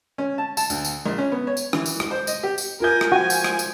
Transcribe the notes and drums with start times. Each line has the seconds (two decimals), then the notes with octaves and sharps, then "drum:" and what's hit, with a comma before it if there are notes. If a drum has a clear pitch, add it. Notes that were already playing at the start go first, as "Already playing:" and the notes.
0.18 C#4
0.38 A5
0.57 A5, drum: tambourine
0.70 D2, drum: tambourine
0.85 drum: tambourine
1.06 A#1
1.18 C#4
1.32 B3
1.47 C#5
1.57 drum: tambourine
1.73 E3, drum: rim click
1.86 drum: tambourine
2.00 drum: rim click
2.11 C5
2.27 D#5, drum: tambourine
2.43 G4
2.58 drum: tambourine
2.80 F4 A#4 G#5 G6
3.01 drum: rim click
3.12 F3 F#4 G5 G#5
3.30 drum: tambourine
3.44 drum: rim click
3.59 drum: tambourine